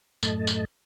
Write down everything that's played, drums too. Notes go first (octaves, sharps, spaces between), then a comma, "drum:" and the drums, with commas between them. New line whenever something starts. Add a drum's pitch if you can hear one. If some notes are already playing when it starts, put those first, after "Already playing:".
F#2 A2 A3 D#5 A5, drum: tambourine
drum: tambourine